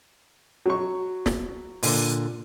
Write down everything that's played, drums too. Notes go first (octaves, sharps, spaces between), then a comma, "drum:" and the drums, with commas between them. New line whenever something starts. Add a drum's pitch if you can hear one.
F#3 C#6
drum: snare
A#2 D3, drum: open hi-hat